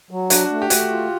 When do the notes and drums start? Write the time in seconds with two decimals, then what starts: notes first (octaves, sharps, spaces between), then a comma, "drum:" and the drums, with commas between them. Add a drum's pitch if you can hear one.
0.11 F#3
0.30 D4 F#4, drum: hi-hat
0.51 A3
0.62 G4
0.70 A3 F#4, drum: hi-hat
0.90 F4